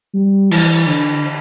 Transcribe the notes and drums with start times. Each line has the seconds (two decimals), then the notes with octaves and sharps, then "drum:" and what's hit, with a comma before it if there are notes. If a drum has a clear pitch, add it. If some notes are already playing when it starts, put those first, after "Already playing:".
0.14 G3
0.51 E3, drum: cymbal
0.87 D3